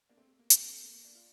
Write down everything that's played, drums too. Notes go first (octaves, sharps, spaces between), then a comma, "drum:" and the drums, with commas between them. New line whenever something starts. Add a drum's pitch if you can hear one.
A#3 D4
A3 C4
A3
A#3
A3 C4, drum: hi-hat
A#3
A#3
A#3 D4
D4 F4